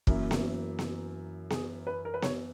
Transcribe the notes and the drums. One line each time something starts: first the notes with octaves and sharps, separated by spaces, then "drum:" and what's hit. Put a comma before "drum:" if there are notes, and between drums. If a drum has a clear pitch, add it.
F#2 E3 A#3 C#4 E4, drum: kick
drum: snare B3
drum: snare B3
G#4, drum: snare B3
B4
A#4
B4
C#5, drum: snare B3